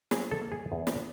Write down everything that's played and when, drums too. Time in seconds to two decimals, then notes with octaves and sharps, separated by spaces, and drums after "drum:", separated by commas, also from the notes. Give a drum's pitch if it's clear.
0.11 F#3 G#4, drum: snare
0.31 A4
0.42 A#3
0.52 G#4
0.72 E2
0.87 drum: snare